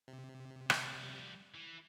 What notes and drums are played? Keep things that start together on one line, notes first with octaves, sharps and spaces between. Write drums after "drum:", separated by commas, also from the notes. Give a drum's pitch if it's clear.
C3
F3 G3, drum: rim click
E3